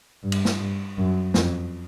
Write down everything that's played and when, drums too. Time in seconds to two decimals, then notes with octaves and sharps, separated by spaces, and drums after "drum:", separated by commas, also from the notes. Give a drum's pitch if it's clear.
0.23 G2
0.32 drum: cymbal
0.45 drum: snare
0.60 G2
0.97 F#2
1.34 F2, drum: snare